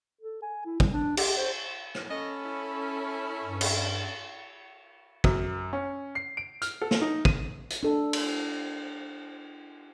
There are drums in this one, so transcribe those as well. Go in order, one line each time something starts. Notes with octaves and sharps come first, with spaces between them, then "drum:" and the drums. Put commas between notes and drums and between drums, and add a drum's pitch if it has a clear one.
A4
G#5
E4
G3, drum: kick
D4
G4, drum: cymbal
C5
drum: rim click
C#4 A4 D#5 B5
E4
G2
drum: cymbal
F#2, drum: kick
C#4
C7
D7
F6, drum: hi-hat
A4
drum: snare
D#4
D#7, drum: kick
drum: hi-hat
D4 A4
drum: cymbal